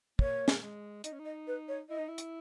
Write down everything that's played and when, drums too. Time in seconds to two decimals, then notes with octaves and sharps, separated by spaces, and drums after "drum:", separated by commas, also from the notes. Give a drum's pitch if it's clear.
0.19 A#3 C#5, drum: kick
0.48 drum: snare
0.62 G#3
1.04 D#4 D#5, drum: hi-hat
1.12 C#4
1.19 D#4
1.25 D#5
1.47 B4
1.68 C#5
1.90 E4 D#5
1.98 D#4
2.08 E4
2.18 drum: hi-hat